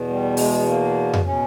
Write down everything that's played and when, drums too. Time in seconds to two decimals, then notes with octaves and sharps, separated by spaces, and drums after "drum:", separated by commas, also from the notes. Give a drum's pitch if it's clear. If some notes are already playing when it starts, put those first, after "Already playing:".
Already playing: E2 B2
0.08 G3
0.37 G#3, drum: open hi-hat
0.67 A#3
1.13 drum: tom F2
1.25 B2 C#4